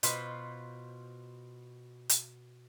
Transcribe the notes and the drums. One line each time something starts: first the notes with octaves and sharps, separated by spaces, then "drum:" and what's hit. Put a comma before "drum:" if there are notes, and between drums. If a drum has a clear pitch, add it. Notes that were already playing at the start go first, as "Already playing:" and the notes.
B2 F4 B4 C5, drum: hi-hat
drum: hi-hat